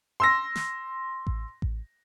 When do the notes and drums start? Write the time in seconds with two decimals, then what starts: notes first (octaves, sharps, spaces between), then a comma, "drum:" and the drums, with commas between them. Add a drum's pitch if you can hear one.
0.20 C6 E6 A#6
0.55 drum: snare
1.27 drum: kick A1
1.62 drum: kick A1